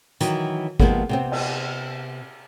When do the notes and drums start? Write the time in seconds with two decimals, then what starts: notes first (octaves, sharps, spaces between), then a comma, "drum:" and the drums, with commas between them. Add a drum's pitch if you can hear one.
0.21 D#3 E3 F#3, drum: hi-hat
0.80 C3 D#3 F3 G#3 A#3 B3, drum: kick G#1
1.09 C3 B3 C4
1.32 drum: cymbal